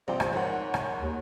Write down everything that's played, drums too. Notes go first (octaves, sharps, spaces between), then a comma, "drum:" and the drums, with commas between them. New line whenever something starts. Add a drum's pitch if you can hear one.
A#1 C3 F3 G3 C5
drum: rim click
G#2 A#4 C#5 F#5
drum: rim click
D#2